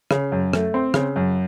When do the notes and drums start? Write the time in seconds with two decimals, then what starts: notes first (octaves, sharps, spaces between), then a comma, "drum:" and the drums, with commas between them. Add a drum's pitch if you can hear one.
0.11 C#3, drum: rim click
0.32 F#2
0.53 A3, drum: rim click
0.74 C4
0.94 C#3, drum: rim click
1.16 F#2